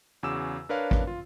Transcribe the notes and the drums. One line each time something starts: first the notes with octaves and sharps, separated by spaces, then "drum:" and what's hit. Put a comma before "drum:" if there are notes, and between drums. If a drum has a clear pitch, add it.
E2 C#3 F#4 D6 E6 E7
D4 A#4 B4 C#5 F5
drum: kick
F4